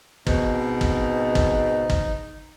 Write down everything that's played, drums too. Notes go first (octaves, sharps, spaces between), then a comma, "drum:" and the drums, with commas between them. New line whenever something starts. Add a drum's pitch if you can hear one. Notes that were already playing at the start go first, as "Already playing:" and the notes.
G#2 B2 C4 D#4, drum: kick
drum: kick
drum: kick
drum: kick